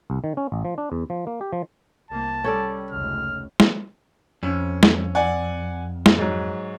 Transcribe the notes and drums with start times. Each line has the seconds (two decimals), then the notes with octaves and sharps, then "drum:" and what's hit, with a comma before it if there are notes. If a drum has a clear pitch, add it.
0.10 C2
0.24 D#3
0.37 C#4
0.52 A1
0.65 F3
0.78 D4
0.92 E2
1.10 F3
1.27 A#3
1.41 G4
1.53 F3
2.11 C2 A#3 A5
2.44 G3 C#4 A4 D5
2.91 F1 C#2 F6
3.60 drum: snare
4.43 F2 C#4
4.83 drum: snare
5.15 D5 F#5 G#5
6.06 drum: snare
6.18 G#2 F#3